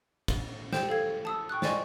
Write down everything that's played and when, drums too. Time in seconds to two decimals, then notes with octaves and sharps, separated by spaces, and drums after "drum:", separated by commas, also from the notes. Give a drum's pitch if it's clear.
0.28 drum: kick, cymbal
0.72 G4 C5 G5 G6 E7, drum: snare
0.89 A4 F5 G#6
1.25 A5 D#6 E6
1.49 G5 C#6 D#6 F#6
1.62 C5 D5 D#5 G#5 C6 C#6, drum: snare